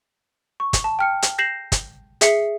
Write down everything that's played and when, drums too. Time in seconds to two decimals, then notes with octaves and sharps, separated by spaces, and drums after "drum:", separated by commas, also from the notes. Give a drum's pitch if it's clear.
0.60 C#6
0.73 drum: kick, hi-hat
0.84 A5
0.99 G5 F6 C#7
1.22 drum: hi-hat
1.38 G6 A#6 C7 E7 F#7
1.72 drum: kick, hi-hat
2.21 G#4 E5 C7 C#7, drum: hi-hat